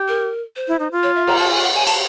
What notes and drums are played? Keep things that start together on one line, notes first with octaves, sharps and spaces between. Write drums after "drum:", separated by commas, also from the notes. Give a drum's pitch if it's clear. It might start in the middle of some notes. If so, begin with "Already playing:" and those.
Already playing: G4
A#4
C5
E4
D#4
F4
C#5
E5
A#5, drum: cymbal
A5
G#5
F#5
G#5
A5, drum: cymbal